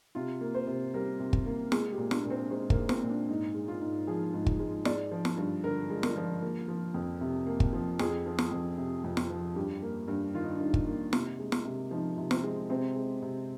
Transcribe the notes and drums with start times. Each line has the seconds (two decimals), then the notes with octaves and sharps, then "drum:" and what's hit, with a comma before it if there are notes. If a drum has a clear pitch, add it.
0.15 C3 F4
0.41 A#3
0.55 C5
0.67 C3
0.94 G3 A#4
1.20 C3
1.33 drum: kick
1.46 A#3
1.72 G#3 G#4, drum: snare
1.92 G4
1.98 A#2
2.11 D4, drum: snare
2.25 A#2
2.30 C4
2.50 G#3 C4
2.70 A#3, drum: kick
2.77 G#3
2.89 C4, drum: snare
3.02 A#2
3.09 D4
3.28 G#2 D#4
3.55 G#3
3.68 F4
3.81 G#2
4.07 F3 G#4
4.34 G#2
4.46 drum: kick
4.60 G#3
4.85 G#3 D5, drum: snare
5.11 F3
5.25 drum: snare
5.37 G2
5.64 D3 A#4
5.90 G#3
6.03 A#4, drum: snare
6.16 F3
6.42 A#3
6.68 F3
6.94 F2
7.21 C3
7.47 A#3
7.60 drum: kick
7.73 F3
7.99 F2 G#4, drum: snare
8.26 F3
8.38 drum: snare
8.51 F2
8.78 C3
9.04 F2
9.17 drum: snare
9.30 F3
9.56 G2 G4
9.82 A#3
10.08 G2
10.34 D#3 F4
10.42 D#4
10.50 D4
10.57 G2 D#4
10.74 drum: kick
10.86 A#3
11.13 C3, drum: snare
11.39 G#3
11.52 drum: snare
11.65 C3
11.91 F3 D#4
12.18 C3
12.31 C4, drum: snare
12.43 G#3
12.70 C3 C4
12.96 G#3
13.22 C3